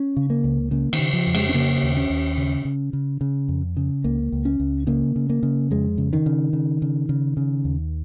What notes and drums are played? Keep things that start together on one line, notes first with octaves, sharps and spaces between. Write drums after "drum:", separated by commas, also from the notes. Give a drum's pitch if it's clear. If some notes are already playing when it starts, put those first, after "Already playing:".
Already playing: C#4
C#3
A#3
C#2
C#3 A#3
D#3, drum: cymbal
C#3
F3
F2
G#3, drum: cymbal
C#4
C#3 A#3
D#2
C#4
D#2
C#3
C#3
C#3
C#3
F2
C#3
C#2 A#3
C#2
C#4
C#2
C#3 A#3
C#3
A#3
C#3
F2 G#3
C#3
D#3
C#3
C#3
C#3
C#3
C#3
D#2